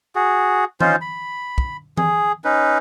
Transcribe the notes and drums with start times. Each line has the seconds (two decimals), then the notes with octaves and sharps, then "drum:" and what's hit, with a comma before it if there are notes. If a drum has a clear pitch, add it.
0.15 F#4 G#4
0.81 C#4 D#4 F4 C5, drum: tom E3
1.01 B5
1.58 drum: kick
1.97 G#4, drum: tom E3
2.44 C#4 D#4 B4